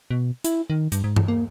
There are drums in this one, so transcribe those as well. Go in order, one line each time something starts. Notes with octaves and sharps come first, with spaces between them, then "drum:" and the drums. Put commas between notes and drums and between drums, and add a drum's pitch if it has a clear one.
B2
E4, drum: hi-hat
D#3
G2, drum: hi-hat
G#2
drum: tom G2
A#3